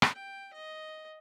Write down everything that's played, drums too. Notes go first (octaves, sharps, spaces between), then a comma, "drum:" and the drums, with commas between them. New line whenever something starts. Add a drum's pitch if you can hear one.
drum: rim click
G5
D#5